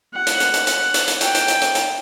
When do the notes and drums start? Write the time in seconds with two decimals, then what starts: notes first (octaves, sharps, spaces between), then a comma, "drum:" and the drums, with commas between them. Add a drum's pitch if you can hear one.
0.13 F#5
0.27 drum: hi-hat
0.40 drum: hi-hat
0.54 drum: hi-hat
0.67 F#5, drum: hi-hat
0.94 drum: hi-hat
1.08 drum: hi-hat
1.21 G5, drum: hi-hat
1.35 drum: hi-hat
1.48 drum: hi-hat
1.62 drum: hi-hat
1.75 drum: hi-hat